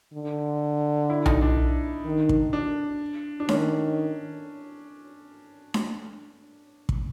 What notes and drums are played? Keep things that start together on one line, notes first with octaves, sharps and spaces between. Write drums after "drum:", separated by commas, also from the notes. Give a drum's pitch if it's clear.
D3
E4
D#4, drum: tom B1
D4
D#3
drum: kick
D4
D4
D#3 C#4, drum: snare D4
drum: snare D4
drum: kick